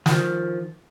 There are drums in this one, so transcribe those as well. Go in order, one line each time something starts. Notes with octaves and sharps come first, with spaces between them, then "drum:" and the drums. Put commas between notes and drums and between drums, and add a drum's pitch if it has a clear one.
D#3 F3, drum: snare